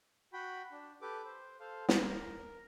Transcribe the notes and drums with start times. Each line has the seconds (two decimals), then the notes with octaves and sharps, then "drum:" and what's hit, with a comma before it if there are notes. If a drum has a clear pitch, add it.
0.33 F#4 G5 B5
0.72 D4
1.02 G4 A4 B4 D6
1.25 C5
1.60 A4 C5 F5
1.89 A#4, drum: snare